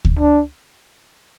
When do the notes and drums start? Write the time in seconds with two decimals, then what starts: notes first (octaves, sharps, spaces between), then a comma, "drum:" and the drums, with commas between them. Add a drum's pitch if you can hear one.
0.05 drum: kick D2
0.19 D4